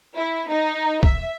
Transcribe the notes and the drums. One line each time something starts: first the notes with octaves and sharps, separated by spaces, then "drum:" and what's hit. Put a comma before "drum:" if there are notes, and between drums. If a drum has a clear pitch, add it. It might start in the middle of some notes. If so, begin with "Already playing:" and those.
E4
D#4
E5, drum: kick